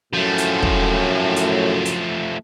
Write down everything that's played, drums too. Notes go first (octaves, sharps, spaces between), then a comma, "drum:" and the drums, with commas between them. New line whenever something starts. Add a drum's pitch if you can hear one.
F#2 A2 F3 A3
drum: hi-hat
drum: kick
drum: hi-hat
drum: hi-hat